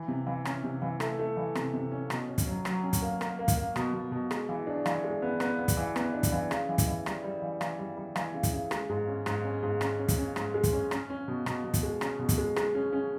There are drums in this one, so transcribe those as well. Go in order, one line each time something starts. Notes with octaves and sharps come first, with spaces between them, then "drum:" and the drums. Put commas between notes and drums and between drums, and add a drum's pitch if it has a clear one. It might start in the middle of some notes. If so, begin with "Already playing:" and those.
Already playing: E3
C3
E3
C#4, drum: rim click
C3
E3
A3, drum: rim click
A3
E3
C3, drum: rim click
C3
C#4
B2, drum: rim click
C#4
drum: kick, hi-hat
F#3
F#3, drum: rim click
C#4
drum: kick, hi-hat
A#3
A#3, drum: rim click
A#3
drum: kick, hi-hat
A#3
B2, drum: rim click
B2
B2
G#3, drum: rim click
E3
D4
E3, drum: rim click
G#3
B3
B3, drum: rim click
B3
drum: kick, hi-hat
E3
B3, drum: rim click
D4
drum: kick, hi-hat
E3
C#3, drum: rim click
E3
drum: kick, hi-hat
E3
G3, drum: rim click
G3
E3
E3, drum: rim click
G3
G3
E3, drum: rim click
C#3
drum: kick, hi-hat
C#3
G#3, drum: rim click
G#2
C#4
G#2, drum: rim click
C#4
G#2
C#4, drum: rim click
C#4
drum: kick, hi-hat
C#4
G#2, drum: rim click
G#3
drum: kick, hi-hat
C#4
C#4, drum: rim click
C#4
B2
B2, drum: rim click
B2
drum: kick, hi-hat
G#3
C#4, drum: rim click
B2
drum: kick, hi-hat
G#3
G#3, drum: rim click
C#4
C#4